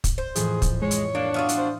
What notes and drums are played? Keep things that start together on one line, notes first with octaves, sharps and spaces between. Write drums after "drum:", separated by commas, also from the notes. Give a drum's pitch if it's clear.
drum: kick, hi-hat
C5
F2 A2 E3 G#4, drum: hi-hat
drum: kick, hi-hat
G#3 C#5
drum: hi-hat
A#3 D4
B3 F4 F#4 E5 F5 D#6
drum: hi-hat
C5